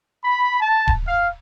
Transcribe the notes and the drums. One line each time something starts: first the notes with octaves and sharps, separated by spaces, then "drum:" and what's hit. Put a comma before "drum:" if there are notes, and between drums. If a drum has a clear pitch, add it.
B5
A5
drum: kick D1
F5